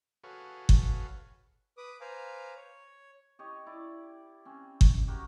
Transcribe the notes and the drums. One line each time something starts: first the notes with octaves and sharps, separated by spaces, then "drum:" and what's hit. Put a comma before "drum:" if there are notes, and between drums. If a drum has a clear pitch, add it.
F#4 G#4 A4 B4 C#5 F5
drum: kick G1
B4 D6 D#6
B4 C5 F5 G#5 A#5 D6
C#5
G4 C#5 D#5
E4 D5
C4 C#4
drum: kick G1
F#4 G4 A#4 C#5